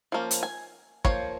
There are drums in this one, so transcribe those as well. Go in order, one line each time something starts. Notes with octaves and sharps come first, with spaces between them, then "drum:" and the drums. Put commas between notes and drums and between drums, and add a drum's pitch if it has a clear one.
F3 A#3 C#4
drum: hi-hat
G#5
F3 A#3 C#5, drum: kick